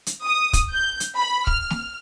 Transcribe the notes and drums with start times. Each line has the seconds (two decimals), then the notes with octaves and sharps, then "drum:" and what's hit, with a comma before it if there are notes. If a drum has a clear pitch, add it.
0.06 drum: hi-hat
0.24 D#6
0.53 drum: kick, hi-hat
0.71 G6
1.00 drum: hi-hat
1.16 B5
1.47 F6, drum: kick
1.70 drum: snare